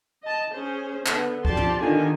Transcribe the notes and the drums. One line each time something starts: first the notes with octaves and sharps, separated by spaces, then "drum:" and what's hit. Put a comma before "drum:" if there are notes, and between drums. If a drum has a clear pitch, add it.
D#5 A5
C#4 G#4 C5
D3 B3, drum: clap
F3 G4 D5 A5 C6, drum: kick C#2
drum: tom
D3 D#3 B3 F4 G4 G#5